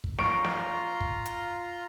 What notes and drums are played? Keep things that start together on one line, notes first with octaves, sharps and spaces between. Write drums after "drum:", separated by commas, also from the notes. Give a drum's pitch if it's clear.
drum: kick
F4 A#5 C6 C#6 D7, drum: snare
drum: snare
drum: kick
drum: hi-hat